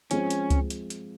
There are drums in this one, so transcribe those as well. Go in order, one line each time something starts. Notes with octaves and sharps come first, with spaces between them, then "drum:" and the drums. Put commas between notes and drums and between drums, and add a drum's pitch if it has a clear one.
F3 G#3 C4 C#4, drum: hi-hat
drum: hi-hat
drum: kick C#2, hi-hat
drum: hi-hat
drum: hi-hat